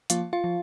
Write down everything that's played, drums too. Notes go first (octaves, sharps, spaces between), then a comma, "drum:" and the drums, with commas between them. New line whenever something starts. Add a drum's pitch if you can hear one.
F3 A#3 F4 F5, drum: hi-hat
F4 F5
F3